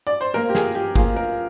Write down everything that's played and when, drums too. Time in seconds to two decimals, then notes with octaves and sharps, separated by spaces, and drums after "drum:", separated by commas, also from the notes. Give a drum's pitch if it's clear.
0.07 D5
0.21 C5
0.33 F3 A#3 F4 A#4
0.49 G4
0.55 G#4, drum: snare
0.75 G4
0.95 F3 A#3 F4 G#4, drum: kick
1.16 A#4